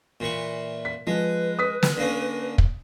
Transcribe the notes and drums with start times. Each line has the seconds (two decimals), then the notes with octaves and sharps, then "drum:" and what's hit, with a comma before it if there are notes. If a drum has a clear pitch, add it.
0.20 A#2 E3 C#6
0.85 B6
1.07 F3 G#3 B4
1.59 D#6 B6
1.83 drum: snare
1.97 D3 A#3 C#4
2.58 drum: kick